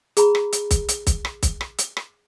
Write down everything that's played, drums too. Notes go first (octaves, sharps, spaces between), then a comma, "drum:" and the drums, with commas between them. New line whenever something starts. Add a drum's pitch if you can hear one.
G#4 A#5 B5, drum: hi-hat
drum: rim click
drum: hi-hat
drum: kick, hi-hat
drum: hi-hat
drum: kick, hi-hat
drum: rim click
drum: kick, hi-hat
drum: rim click
drum: hi-hat
drum: rim click